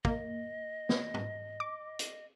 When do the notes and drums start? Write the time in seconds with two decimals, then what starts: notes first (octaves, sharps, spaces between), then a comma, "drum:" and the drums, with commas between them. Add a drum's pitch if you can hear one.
0.05 A#3 D#5, drum: kick
0.89 drum: snare
1.14 drum: tom G#2
1.60 D6
1.99 drum: hi-hat